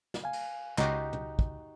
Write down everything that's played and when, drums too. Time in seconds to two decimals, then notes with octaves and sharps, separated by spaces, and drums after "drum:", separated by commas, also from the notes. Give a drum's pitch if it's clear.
0.14 drum: snare
0.24 F5 G#5
0.33 drum: cymbal
0.78 C#2 D#4 F#4 G4, drum: clap
1.13 drum: tom
1.39 drum: kick